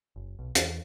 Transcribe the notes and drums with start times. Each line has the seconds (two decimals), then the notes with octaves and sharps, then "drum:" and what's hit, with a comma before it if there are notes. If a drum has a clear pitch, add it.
0.16 F#1
0.39 B1
0.55 E2, drum: hi-hat